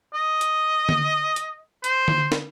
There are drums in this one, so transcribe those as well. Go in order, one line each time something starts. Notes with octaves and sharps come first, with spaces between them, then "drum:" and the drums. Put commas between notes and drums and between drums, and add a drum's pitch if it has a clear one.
D#5
drum: hi-hat
drum: tom D3
drum: hi-hat
C5, drum: hi-hat
drum: tom D3
drum: snare